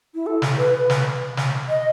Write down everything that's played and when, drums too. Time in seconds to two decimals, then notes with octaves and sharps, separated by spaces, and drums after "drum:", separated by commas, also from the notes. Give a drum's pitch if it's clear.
0.14 E4
0.26 A4
0.42 drum: snare
0.58 B4
0.90 drum: snare
1.37 drum: snare
1.69 D#5